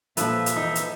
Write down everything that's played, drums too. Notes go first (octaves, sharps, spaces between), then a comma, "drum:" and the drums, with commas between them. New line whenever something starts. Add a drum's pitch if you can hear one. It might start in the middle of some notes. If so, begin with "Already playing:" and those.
A#2 F3 A4 B4 E5, drum: hi-hat
drum: hi-hat
E3 D#4
drum: hi-hat